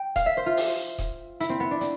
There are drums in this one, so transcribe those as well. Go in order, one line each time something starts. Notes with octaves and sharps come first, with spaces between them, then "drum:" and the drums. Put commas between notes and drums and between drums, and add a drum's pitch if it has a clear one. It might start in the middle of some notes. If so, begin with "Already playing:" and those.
Already playing: G5
F5, drum: kick D#1, hi-hat
E5
C5
F4
drum: open hi-hat
drum: kick D#1, hi-hat
E4, drum: hi-hat
C4
B3
D4
C4, drum: hi-hat